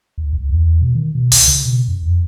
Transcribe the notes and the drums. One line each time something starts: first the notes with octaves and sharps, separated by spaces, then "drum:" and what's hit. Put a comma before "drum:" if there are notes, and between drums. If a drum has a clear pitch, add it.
D2
C#2
E2
B2
D#3
B2
C#2, drum: open hi-hat
C#3
B2
F#2
F2